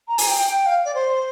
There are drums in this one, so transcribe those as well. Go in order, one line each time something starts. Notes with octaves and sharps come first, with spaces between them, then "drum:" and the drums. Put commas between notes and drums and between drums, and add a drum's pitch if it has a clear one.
A#5
G#5, drum: open hi-hat
G5
F5
D5
C5